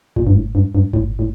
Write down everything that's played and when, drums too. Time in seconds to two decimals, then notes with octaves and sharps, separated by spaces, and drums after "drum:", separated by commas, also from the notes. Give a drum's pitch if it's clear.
0.16 A#2, drum: kick G1
0.27 G2
0.35 A2
0.55 G2
0.75 G2
0.93 A2, drum: kick G1
1.19 A2